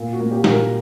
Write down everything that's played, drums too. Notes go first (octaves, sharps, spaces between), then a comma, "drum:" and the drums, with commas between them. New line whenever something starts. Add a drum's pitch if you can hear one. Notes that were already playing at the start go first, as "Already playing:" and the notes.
Already playing: A#2
F#4
A#3
G4
A#2, drum: snare
A#4